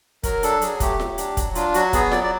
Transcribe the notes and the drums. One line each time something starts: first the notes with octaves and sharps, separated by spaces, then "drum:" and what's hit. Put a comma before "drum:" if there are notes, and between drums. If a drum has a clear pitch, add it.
F#3 A#4, drum: kick, hi-hat
D4 A4, drum: hi-hat
F#3 G#4, drum: hi-hat
A3 G4, drum: kick, hi-hat
F#3, drum: snare F4
D4, drum: hi-hat
F#3, drum: kick, hi-hat
D4 F4, drum: hi-hat
F#3 F#4, drum: hi-hat
B3 G#4, drum: kick, hi-hat
F#3 D5, drum: snare F4
D5